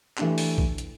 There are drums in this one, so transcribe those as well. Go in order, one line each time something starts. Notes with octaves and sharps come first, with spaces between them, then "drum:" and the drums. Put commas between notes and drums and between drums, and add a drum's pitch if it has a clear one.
E3 A3 D4 G4, drum: clap
drum: open hi-hat
drum: kick
drum: hi-hat